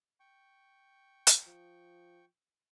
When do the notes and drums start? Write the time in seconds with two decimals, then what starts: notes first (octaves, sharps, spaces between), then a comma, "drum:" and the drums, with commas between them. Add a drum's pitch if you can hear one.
0.20 G5 C#6
1.27 drum: hi-hat
1.46 F3